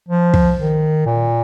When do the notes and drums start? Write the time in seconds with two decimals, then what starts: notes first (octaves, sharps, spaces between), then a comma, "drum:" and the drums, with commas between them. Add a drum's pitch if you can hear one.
0.09 F3
0.34 drum: kick
0.58 D#3
1.06 A#2